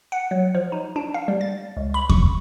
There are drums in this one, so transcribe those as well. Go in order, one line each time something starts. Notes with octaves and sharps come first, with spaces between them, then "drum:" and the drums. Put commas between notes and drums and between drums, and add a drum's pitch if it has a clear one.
F#5
F#3
F3
D#4
D4
F5
G3
A6
C#2
B5
C#6, drum: kick E2